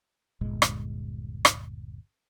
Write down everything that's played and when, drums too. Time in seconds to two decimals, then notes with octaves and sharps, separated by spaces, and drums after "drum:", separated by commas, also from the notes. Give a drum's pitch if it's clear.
0.41 G1 D#2 A#2 G#3
0.62 drum: rim click
1.45 drum: rim click